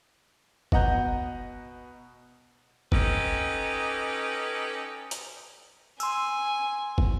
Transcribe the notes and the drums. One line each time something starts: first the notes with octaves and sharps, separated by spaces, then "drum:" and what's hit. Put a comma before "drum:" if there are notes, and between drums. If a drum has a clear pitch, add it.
B2 D#5 F#5 A#5 G6, drum: kick
C#4 D#4 G4 A4 B4, drum: kick
drum: hi-hat
G#5 C6 E6, drum: tambourine
drum: kick